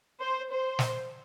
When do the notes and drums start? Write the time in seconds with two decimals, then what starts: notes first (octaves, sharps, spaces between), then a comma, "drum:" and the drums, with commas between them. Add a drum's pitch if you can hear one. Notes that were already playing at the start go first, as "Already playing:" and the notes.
0.20 C5
0.50 C5
0.79 drum: snare